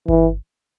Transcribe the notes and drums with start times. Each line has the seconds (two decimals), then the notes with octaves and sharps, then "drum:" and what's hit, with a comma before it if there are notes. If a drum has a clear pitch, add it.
0.08 E3, drum: kick G1